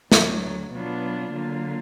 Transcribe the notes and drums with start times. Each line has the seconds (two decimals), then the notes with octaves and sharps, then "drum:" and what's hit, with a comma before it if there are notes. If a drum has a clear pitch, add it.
0.12 D2 D3 F#3, drum: snare
0.72 B2 F#3 B3 D4 F4
1.32 D3 F#3 A#3 F4